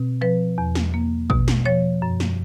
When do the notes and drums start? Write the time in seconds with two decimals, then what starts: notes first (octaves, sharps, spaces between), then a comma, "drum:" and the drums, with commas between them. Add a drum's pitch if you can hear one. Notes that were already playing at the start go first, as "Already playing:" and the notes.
Already playing: B2 C4
0.21 F3 B4
0.58 E2
0.75 drum: snare
0.94 A#3
1.30 B2, drum: kick
1.48 drum: snare
1.66 F3 C#5
2.02 F#2
2.20 drum: snare